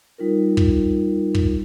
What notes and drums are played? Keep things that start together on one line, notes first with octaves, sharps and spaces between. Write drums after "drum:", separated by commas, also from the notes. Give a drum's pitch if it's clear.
G3 D#4 F4 A#4
drum: kick
drum: kick